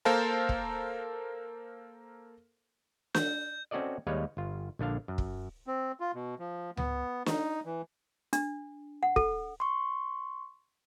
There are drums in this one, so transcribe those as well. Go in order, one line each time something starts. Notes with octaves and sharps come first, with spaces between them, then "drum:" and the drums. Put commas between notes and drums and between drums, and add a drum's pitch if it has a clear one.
A#3 A4 A#4 C5 F5 A5
drum: kick
G6, drum: snare
C4 C#4 F#4 A4 D5 D#5
D#2 G3 G#3 B4 C#5 F5
G1 F4
A#1 D3 D4 F5
F#2
drum: kick
C4
F4
B2
F3
B3, drum: tom C#2
D#4, drum: snare
E3
D4, drum: hi-hat
F#5
A4, drum: kick
C6 C#6